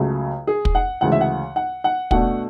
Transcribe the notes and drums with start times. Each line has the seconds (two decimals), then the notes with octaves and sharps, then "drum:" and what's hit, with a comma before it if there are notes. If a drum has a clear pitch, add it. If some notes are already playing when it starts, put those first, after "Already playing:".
Already playing: C#2 C#3 F#3 A3
0.47 G#4
0.65 drum: kick
0.75 F#5
1.01 D2 C#3 E3 G#3 F#5
1.12 E5
1.21 F#5
1.56 F#5
1.84 F#5
2.11 B2 A3 D4 F#5, drum: kick